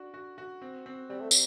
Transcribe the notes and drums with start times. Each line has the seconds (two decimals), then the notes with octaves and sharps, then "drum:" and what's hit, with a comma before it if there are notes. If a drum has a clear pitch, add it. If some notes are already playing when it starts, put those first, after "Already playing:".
Already playing: D4 F#4
0.14 F#4
0.38 F#4
0.62 C4
0.86 C4
1.10 G3 C4
1.20 A3
1.31 G3, drum: tambourine